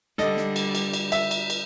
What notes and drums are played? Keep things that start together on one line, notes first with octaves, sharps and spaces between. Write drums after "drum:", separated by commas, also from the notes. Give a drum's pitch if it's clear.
D3 G3 A4 D#5, drum: snare
drum: snare
drum: cymbal
drum: cymbal
drum: cymbal
E5, drum: cymbal
drum: cymbal
drum: cymbal